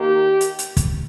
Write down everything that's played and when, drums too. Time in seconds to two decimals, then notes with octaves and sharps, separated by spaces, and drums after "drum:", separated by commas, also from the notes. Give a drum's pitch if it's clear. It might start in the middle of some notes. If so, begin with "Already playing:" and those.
Already playing: D#3 A#3 G4
0.41 drum: hi-hat
0.59 drum: hi-hat
0.77 drum: kick, hi-hat